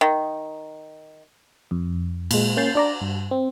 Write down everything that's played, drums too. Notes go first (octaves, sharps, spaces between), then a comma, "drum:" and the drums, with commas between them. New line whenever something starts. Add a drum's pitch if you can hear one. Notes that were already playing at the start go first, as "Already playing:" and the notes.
D#3
F2
A#2 G#3, drum: cymbal
A#3 C#4 G6 A6 C7
D4 D5 A#5
G2
C4